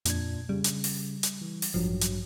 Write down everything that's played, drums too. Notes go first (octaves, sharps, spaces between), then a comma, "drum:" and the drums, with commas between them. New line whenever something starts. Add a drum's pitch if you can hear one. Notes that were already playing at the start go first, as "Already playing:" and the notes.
F2 A#2 D4 G#6, drum: hi-hat
C#3 G3
drum: hi-hat
drum: open hi-hat
drum: hi-hat
E3
drum: open hi-hat
A1 G2 F3 F#3
drum: hi-hat